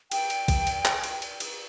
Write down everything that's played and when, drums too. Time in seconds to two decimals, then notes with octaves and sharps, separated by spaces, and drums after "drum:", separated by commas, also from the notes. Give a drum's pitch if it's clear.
0.11 G5, drum: cymbal
0.30 drum: cymbal
0.48 drum: kick B1, cymbal
0.67 drum: cymbal
0.85 drum: clap
1.04 drum: cymbal
1.22 drum: cymbal
1.40 drum: cymbal